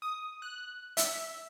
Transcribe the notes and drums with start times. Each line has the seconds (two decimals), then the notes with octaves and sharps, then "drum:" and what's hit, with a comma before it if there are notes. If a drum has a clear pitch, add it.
0.02 D#6
0.42 F#6
0.97 E5, drum: hi-hat